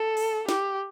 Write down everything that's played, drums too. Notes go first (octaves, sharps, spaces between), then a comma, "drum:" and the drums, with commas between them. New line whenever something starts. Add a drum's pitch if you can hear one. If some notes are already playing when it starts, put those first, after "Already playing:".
Already playing: A4
drum: open hi-hat
G4, drum: snare